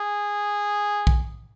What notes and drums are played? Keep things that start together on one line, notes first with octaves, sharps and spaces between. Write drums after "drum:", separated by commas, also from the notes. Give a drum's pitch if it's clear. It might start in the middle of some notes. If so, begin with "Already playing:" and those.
Already playing: G#4
drum: kick